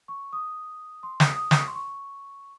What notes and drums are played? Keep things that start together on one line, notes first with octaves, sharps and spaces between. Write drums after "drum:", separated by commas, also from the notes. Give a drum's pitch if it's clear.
C#6
D#6
C6
D#6, drum: snare
D#6
D#6, drum: snare
C#6
C6
C#6